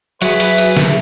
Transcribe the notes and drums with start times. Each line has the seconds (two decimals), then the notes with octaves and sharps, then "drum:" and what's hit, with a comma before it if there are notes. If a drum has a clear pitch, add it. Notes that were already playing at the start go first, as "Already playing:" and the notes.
0.22 F#3 F#4 G#4 B4 E5, drum: hi-hat
0.40 drum: hi-hat
0.58 drum: hi-hat
0.77 drum: snare